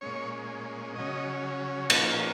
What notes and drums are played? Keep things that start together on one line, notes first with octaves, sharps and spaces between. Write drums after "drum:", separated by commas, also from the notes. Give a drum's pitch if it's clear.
A#2 G#3 C#4 C#5
C#3 F#3 C#4 D#5
A#2 F3 A#3 C#4 F5, drum: cymbal